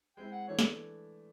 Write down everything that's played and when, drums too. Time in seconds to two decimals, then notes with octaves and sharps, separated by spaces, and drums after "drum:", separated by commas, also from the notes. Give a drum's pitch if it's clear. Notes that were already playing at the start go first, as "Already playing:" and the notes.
0.17 G#3 C4 E4 G5
0.32 F#5
0.48 E3 A3 D4 C#5
0.59 drum: snare